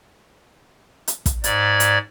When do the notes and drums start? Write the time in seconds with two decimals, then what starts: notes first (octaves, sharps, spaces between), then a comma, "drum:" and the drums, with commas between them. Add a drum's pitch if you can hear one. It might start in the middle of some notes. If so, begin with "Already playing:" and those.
1.08 drum: hi-hat
1.26 drum: kick, hi-hat
1.44 G#2 D5 G#6, drum: hi-hat
1.80 drum: hi-hat